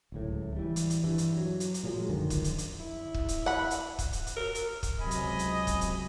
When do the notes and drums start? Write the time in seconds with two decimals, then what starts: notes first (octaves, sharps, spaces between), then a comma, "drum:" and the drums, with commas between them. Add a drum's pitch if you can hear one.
0.12 D1 C#2 A2
0.56 E3 G3
0.76 drum: hi-hat
0.90 drum: hi-hat
1.04 G2 E3
1.18 drum: hi-hat
1.37 F#3
1.60 drum: hi-hat
1.74 drum: hi-hat
1.83 A#2 F3 F#3 G#3
2.09 F#2 D3 D#3 F3
2.30 drum: kick, hi-hat
2.44 drum: hi-hat
2.58 drum: hi-hat
2.80 E4
3.14 drum: kick
3.28 drum: hi-hat
3.46 F#5 B5
3.71 drum: hi-hat
3.99 drum: kick, hi-hat
4.13 drum: hi-hat
4.27 drum: hi-hat
4.37 A#4
4.55 drum: hi-hat
4.83 drum: kick, hi-hat
5.00 C#2 C3 F#3 D#5 G#5 B5
5.11 drum: hi-hat
5.39 drum: hi-hat
5.67 drum: kick, hi-hat
5.81 drum: hi-hat